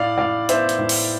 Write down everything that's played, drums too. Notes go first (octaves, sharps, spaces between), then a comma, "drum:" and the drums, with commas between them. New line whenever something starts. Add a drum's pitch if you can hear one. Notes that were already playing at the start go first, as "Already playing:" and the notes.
Already playing: A2 D5 F5
A2 D5 F5
B3 C5 E5, drum: hi-hat
drum: hi-hat
A2
drum: open hi-hat